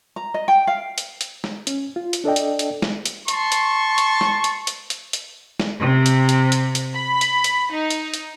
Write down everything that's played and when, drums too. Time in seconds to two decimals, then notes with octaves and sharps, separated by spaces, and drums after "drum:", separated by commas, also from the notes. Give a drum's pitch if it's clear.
0.16 A#5
0.34 D#5
0.48 G5
0.67 F5
0.98 drum: hi-hat
1.21 drum: hi-hat
1.44 drum: snare
1.67 C#4, drum: hi-hat
1.96 F4
2.13 drum: hi-hat
2.24 D4 A4 D5 D#5 G5
2.36 drum: hi-hat
2.59 drum: hi-hat
2.82 drum: snare
3.05 drum: hi-hat
3.28 A5 C6 C#6, drum: hi-hat
3.52 drum: hi-hat
3.98 drum: hi-hat
4.21 drum: snare
4.44 drum: hi-hat
4.67 drum: hi-hat
4.90 drum: hi-hat
5.13 drum: hi-hat
5.60 drum: snare
5.79 C3
6.06 drum: hi-hat
6.29 drum: hi-hat
6.52 drum: hi-hat
6.75 drum: hi-hat
6.95 B5
7.21 drum: hi-hat
7.44 drum: hi-hat
7.72 D#4
7.90 drum: hi-hat
8.14 drum: hi-hat